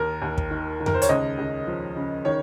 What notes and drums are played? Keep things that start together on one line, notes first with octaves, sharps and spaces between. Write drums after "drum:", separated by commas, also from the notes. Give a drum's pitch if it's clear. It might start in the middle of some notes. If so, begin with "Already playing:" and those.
Already playing: D#2 A#4
D#2
drum: kick
D#3
D#3
A#4, drum: tom F2
C5
C#5, drum: hi-hat
C#2 D#5
C#2
F3
C#3
D#3 C#5